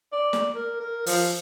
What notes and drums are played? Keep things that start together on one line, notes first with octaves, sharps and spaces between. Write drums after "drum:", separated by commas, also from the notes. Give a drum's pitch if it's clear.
D5
drum: snare
A#4
A#4
F3, drum: open hi-hat